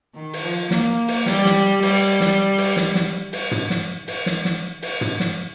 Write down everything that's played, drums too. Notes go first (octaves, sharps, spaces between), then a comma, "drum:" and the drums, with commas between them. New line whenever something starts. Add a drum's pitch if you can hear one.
D#3
drum: open hi-hat
F3
A#3, drum: snare
drum: open hi-hat
G3, drum: snare
drum: snare
G3, drum: open hi-hat
drum: snare
drum: open hi-hat
drum: snare
drum: snare
drum: open hi-hat
drum: tom
drum: snare
drum: open hi-hat
drum: snare
drum: snare
drum: open hi-hat
drum: tom
drum: snare